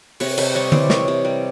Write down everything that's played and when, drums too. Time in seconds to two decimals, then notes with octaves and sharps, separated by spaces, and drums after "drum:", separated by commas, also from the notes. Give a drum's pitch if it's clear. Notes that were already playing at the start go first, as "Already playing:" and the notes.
0.20 C3 B4 C#5, drum: open hi-hat
0.37 C3 B4 C#5, drum: cymbal
0.55 G3 C#5 D#5
0.72 E3 C5 D5, drum: tom D3
0.90 C3 C#5 D#5, drum: snare
1.08 C3
1.25 G3